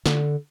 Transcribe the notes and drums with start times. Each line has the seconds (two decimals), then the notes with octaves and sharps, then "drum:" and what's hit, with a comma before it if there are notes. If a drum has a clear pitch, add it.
0.06 D3, drum: snare